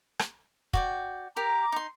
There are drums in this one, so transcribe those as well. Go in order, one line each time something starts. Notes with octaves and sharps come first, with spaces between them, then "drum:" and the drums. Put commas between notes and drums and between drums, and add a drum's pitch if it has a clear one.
drum: rim click
F#4 D5 G5, drum: kick
G4 A#4 A#5 D6
D#4 C6